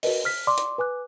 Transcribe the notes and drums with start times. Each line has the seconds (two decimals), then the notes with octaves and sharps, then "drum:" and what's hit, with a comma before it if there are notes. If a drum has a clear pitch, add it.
0.03 F#4 G#4 A#4 B4 D#5, drum: open hi-hat
0.24 C5 F6 B6
0.47 D5 C6 D6
0.58 drum: hi-hat
0.78 B4 G#5 D6 F#6